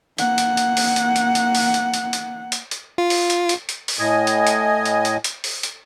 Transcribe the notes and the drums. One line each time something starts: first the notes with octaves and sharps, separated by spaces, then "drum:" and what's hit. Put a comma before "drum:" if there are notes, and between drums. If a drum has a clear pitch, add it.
A#3 F#5, drum: hi-hat
drum: hi-hat
drum: hi-hat
drum: open hi-hat
drum: hi-hat
drum: hi-hat
drum: hi-hat
drum: open hi-hat
drum: hi-hat
drum: hi-hat
drum: hi-hat
drum: hi-hat
drum: hi-hat
F4
drum: open hi-hat
drum: hi-hat
drum: hi-hat
drum: hi-hat
drum: open hi-hat
A2 D#5 G#5
drum: hi-hat
drum: hi-hat
drum: hi-hat
drum: hi-hat
drum: hi-hat
drum: open hi-hat
drum: hi-hat